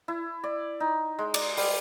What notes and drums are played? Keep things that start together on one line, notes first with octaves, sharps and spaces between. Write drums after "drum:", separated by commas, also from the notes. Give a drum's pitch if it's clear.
E4
D5
D#4
G#3
D5, drum: cymbal
G3, drum: open hi-hat